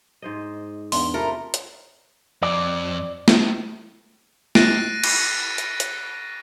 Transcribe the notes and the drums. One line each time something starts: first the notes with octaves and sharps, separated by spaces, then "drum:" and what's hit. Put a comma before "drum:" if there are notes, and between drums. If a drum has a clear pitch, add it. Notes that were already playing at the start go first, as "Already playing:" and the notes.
G#2 C5 D#5
E2 B3 D4 C6, drum: open hi-hat
C3 A3 F4 A#4 A5 B5
drum: hi-hat
F2 D5
drum: snare
F#6 A6 A#6 C7 D7 D#7, drum: snare
drum: cymbal
drum: hi-hat
drum: hi-hat